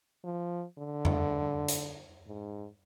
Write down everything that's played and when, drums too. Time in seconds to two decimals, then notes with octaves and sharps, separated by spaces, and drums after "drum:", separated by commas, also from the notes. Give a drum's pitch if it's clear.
0.25 F3
0.78 D3
1.05 drum: tom F2
1.68 drum: hi-hat
2.27 G#2